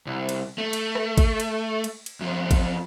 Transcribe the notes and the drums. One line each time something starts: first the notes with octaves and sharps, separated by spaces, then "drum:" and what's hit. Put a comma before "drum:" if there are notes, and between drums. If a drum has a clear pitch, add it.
C2
drum: cymbal
A3
drum: cymbal
drum: rim click
drum: kick G#1, cymbal
drum: cymbal
drum: cymbal
drum: cymbal
F#2 F3
drum: kick G#1, cymbal